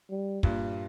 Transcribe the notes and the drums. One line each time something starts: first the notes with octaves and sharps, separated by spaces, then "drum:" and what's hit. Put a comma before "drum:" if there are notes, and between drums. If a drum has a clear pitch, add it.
G3
G2 A#2, drum: kick